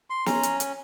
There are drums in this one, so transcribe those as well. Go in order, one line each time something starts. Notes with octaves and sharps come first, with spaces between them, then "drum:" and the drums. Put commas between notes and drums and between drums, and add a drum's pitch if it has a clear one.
C6
C#4 A#5, drum: snare
drum: hi-hat
drum: hi-hat